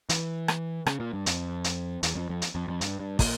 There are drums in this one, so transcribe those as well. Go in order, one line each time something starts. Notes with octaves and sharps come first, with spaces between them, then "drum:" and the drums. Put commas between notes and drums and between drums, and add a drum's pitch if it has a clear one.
E3, drum: hi-hat
drum: rim click
C#3, drum: rim click
A#2
G2
F2, drum: hi-hat
drum: hi-hat
E2, drum: hi-hat
F2
F2
drum: hi-hat
F2
F2
G2, drum: hi-hat
G2
A#2, drum: kick, open hi-hat